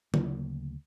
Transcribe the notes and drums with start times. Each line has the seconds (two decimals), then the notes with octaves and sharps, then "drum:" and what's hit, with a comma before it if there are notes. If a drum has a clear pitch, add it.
0.14 D2 C#3 F#3 A#3, drum: tom